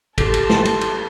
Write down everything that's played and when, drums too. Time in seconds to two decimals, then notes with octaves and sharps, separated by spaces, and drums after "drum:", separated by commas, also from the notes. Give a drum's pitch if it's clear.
0.18 G4 A4 A5 C6, drum: kick, cymbal
0.34 drum: cymbal
0.49 drum: snare
0.65 drum: cymbal
0.81 drum: cymbal